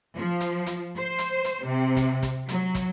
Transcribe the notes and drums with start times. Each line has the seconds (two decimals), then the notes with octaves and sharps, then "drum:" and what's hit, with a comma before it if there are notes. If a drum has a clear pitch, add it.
0.16 F3
0.40 drum: hi-hat
0.66 drum: hi-hat
0.98 C5
1.18 drum: hi-hat
1.44 drum: hi-hat
1.65 C3
1.97 drum: kick, hi-hat
2.23 drum: kick, hi-hat
2.49 F#3, drum: hi-hat
2.75 drum: kick, hi-hat